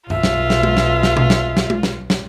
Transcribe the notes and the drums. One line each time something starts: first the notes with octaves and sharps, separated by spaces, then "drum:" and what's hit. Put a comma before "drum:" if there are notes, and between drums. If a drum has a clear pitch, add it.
B1 F4 E5, drum: tom F#2
drum: snare
drum: snare
drum: tom G#3
drum: snare
drum: snare
drum: tom B2
drum: snare
drum: snare
drum: tom G#3
drum: snare
drum: snare